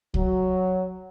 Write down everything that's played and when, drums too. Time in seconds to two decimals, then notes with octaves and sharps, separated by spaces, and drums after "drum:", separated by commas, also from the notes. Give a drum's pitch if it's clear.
0.14 F#3, drum: kick C2